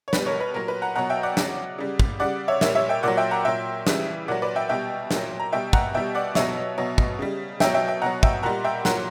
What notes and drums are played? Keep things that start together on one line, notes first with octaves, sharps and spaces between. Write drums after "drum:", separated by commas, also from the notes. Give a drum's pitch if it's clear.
C#5
B2 G3 B4, drum: snare
A#4 C#5
B4
A#2 F#3 A#4
B4
F#5 A#5
B2 F#3 F#5 A#5
E5 G5
D5 F#5
C#3 F#3, drum: snare
C#3 G3
drum: kick
C#3 G3 D5 F#5
C#5 E5
A#2 G3 C#5 E5, drum: snare
C#5 E5
E5 G5
A#2 F#3 D5 F#5
E5 G5
F#5 A#5
A#2 F#3 E5 G5
C#3 E3 G3, drum: snare
A#2 F#3 D5 F#5
B4 D5
E5 G5
B2 G3 E5 G5
A#2, drum: snare
F#3
A#5
B2 G3 E5 G5
F#5 A#5, drum: kick
B2 G3 E5 G5
D5 F#5
B2 F#3 C#5 E5, drum: snare
B2 F#3
drum: kick
C#3 G3
B2 F#3 E5 G5, drum: snare
E5 G5
E5 G5
B2 F#3 F#5 A#5
E5 G5, drum: kick
A#2 G3 F#5 A#5
E5 G5
A#2 F#3 F#5 A#5, drum: snare